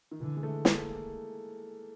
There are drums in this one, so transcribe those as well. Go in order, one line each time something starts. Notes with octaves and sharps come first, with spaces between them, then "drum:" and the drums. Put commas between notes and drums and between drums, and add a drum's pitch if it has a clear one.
D#3
D3 E3
G#3
A3
A#3, drum: snare